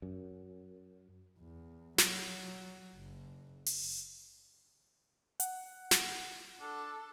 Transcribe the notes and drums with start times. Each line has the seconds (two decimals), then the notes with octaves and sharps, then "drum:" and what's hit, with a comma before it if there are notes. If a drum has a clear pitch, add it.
0.02 F#2
1.39 E2
1.98 F#3, drum: snare
2.95 F#1
3.66 drum: open hi-hat
5.40 F#5, drum: hi-hat
5.91 drum: snare
6.61 D4 A4